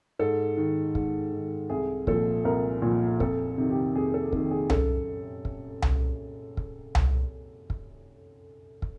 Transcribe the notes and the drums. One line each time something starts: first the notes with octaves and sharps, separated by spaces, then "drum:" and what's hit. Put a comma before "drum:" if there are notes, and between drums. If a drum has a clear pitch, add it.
G#2 A4
D#3
G#2, drum: kick
D#3
C2 G#4
A#2 F3 A4, drum: kick
C2 A#4
A#2 F3
F2 A4, drum: kick
C3 D#3
G4
F2 G#4
A4
C3 D#3 A4, drum: kick
G#4
F#2 A4, drum: tom C2
drum: kick
drum: tom C2
drum: kick
drum: tom C2
drum: kick
drum: kick